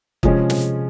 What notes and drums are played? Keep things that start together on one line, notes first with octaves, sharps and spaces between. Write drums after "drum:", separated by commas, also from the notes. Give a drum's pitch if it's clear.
C3 F3 G#3 C#4 G#4, drum: kick
drum: snare